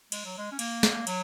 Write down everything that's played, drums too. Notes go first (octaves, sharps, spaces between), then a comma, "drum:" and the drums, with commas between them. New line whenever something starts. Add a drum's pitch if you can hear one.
G#3, drum: cymbal
F#3
G#3
C#4
A#3, drum: cymbal
drum: snare
F#3, drum: cymbal